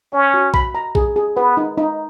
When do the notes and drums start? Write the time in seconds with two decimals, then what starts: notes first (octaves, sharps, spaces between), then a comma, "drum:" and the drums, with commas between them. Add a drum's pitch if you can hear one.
0.13 C#4 G#5
0.34 F#4
0.54 B5, drum: kick
0.75 A#5
0.95 G#4, drum: kick
1.16 G#4
1.36 B3 B4
1.57 D#4
1.78 D#4